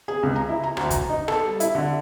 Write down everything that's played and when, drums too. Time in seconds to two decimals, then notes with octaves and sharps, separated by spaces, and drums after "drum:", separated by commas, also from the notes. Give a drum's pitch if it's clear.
0.08 G#4
0.23 C#2
0.36 A#5
0.49 E4
0.64 A#5
0.77 D2, drum: rim click
0.90 A#5, drum: kick, hi-hat
1.09 D#4
1.28 A4, drum: rim click
1.45 G3
1.60 E4, drum: hi-hat
1.75 D3